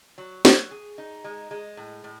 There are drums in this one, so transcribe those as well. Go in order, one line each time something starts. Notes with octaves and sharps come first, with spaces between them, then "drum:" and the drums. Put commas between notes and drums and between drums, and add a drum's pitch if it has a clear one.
F#3
F#3, drum: snare
G#4
D#4
G#3
G#3
A2
A2